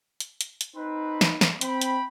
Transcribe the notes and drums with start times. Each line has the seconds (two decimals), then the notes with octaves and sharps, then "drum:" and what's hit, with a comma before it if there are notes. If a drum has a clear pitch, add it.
0.20 drum: hi-hat
0.41 drum: hi-hat
0.61 drum: hi-hat
0.76 C4 D#4 B4
1.21 drum: snare
1.41 drum: snare
1.61 C4 G5 B5, drum: hi-hat
1.81 drum: hi-hat